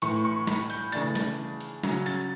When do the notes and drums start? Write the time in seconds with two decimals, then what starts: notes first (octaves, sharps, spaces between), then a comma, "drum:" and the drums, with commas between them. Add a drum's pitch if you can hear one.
0.02 A2 E3 A3 C#6, drum: hi-hat
0.25 C#6
0.47 B5, drum: snare
0.70 G6, drum: hi-hat
0.92 C#3 E3 A3 D4 A6, drum: hi-hat
1.15 drum: snare
1.60 drum: hi-hat
1.83 C#3 F#3 C#4, drum: snare
2.06 A6, drum: hi-hat